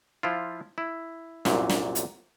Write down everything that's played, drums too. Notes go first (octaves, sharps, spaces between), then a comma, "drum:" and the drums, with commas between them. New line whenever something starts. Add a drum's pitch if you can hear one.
F3 E4 F4
E4
C2 F#2 A#2, drum: snare
drum: snare
drum: hi-hat